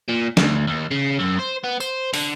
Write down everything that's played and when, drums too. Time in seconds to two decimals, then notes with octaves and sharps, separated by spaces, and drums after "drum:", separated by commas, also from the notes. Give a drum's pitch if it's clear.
0.08 A#2
0.37 D2, drum: snare
0.67 D#2
0.91 C#3
1.19 F#2
1.39 C5
1.64 B3
1.80 C5, drum: tambourine
2.14 D3, drum: open hi-hat